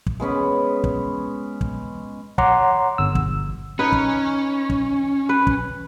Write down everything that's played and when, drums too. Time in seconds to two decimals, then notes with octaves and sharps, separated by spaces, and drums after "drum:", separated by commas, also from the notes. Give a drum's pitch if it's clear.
0.06 drum: kick
0.20 G#3 B3 C#4 B4
0.84 drum: kick
1.61 drum: kick
2.38 C#5 F#5 A#5 C6 D6, drum: kick
2.98 G1 E6
3.15 drum: kick
3.79 C#4 D#4 B4
3.92 drum: kick
4.70 drum: kick
5.29 B4
5.47 drum: kick